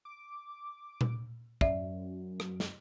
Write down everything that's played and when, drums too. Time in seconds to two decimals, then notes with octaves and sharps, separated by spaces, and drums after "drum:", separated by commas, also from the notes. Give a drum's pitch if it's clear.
0.05 D6
1.01 drum: tom A#2
1.61 F#2 D5 E5, drum: kick
2.40 drum: rim click
2.60 drum: snare